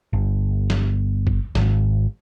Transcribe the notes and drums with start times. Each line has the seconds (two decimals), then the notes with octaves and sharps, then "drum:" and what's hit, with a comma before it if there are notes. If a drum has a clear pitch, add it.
0.13 G1
0.70 drum: snare
1.27 drum: kick G1
1.55 G#1, drum: snare